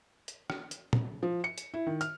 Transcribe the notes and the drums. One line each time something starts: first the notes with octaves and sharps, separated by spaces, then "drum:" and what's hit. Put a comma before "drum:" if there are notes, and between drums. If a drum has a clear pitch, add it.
drum: hi-hat
drum: rim click
drum: hi-hat
drum: tom
F3
C#7
drum: hi-hat
E4
D#3
F6, drum: hi-hat